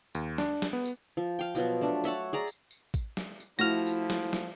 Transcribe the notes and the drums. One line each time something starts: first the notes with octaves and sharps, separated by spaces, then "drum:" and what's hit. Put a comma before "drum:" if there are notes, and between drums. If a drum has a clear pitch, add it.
D#2, drum: tambourine
D4, drum: snare
drum: snare
B3
drum: tambourine
F3
F5 G5
B2 F3 F#3, drum: tambourine
A3 D4
C#5 E5 F#5 A5, drum: tambourine
G#4 D5 A#5
drum: tambourine
drum: tambourine
drum: kick A1, tambourine
drum: snare
drum: tambourine
F3 A3 E4 F#4 F6 A#6
drum: tambourine
drum: snare
drum: snare